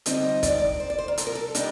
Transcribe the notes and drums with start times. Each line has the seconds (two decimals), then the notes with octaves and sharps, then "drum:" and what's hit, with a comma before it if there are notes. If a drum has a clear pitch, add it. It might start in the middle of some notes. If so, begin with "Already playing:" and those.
0.06 D3 G3 C4 D#4 D#5, drum: hi-hat
0.43 D5, drum: kick, hi-hat
0.80 C5
0.90 D5
0.98 C5
1.08 A#4
1.18 A4, drum: hi-hat
1.27 A#4
1.35 A4
1.55 G3 D4 D#4, drum: hi-hat